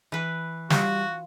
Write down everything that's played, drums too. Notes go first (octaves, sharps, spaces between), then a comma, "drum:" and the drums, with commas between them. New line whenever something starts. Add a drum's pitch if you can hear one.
E3 B4
G3 F4 F#4, drum: snare